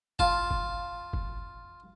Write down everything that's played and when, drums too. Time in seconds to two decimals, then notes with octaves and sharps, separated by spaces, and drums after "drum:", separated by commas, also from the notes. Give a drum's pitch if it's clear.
0.19 F4 A5, drum: kick
0.51 drum: kick
1.13 drum: kick